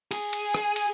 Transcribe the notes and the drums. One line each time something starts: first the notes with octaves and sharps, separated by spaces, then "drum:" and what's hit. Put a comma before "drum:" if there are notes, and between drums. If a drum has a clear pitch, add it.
G#4, drum: cymbal
drum: cymbal
drum: rim click
drum: cymbal